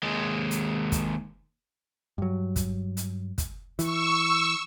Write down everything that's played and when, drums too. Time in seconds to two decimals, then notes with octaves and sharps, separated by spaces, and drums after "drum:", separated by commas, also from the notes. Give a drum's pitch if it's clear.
0.03 D#2 G#3
0.51 drum: hi-hat
0.92 drum: kick, hi-hat
2.18 G2 F#3
2.56 drum: kick, hi-hat
2.97 drum: hi-hat
3.38 drum: kick, hi-hat
3.79 E3 C#6 E6, drum: hi-hat